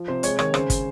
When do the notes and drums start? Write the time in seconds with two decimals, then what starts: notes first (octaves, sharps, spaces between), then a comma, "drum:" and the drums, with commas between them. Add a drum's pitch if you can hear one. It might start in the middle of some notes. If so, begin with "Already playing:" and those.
Already playing: F3
0.08 C3 C5
0.23 G#3 C#5, drum: hi-hat
0.39 D#3 C#5, drum: rim click
0.54 C#3 C5, drum: rim click
0.70 drum: kick, hi-hat